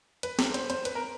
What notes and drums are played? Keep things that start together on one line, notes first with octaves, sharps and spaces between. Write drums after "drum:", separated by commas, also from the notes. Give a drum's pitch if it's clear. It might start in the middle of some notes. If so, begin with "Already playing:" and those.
B4, drum: hi-hat
drum: snare
C5, drum: hi-hat
C5, drum: hi-hat
B4, drum: hi-hat
A#4